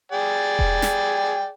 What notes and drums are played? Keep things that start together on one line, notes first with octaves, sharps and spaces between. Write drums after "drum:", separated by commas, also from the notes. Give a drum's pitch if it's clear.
G#4 D5 G5
drum: kick E1
drum: snare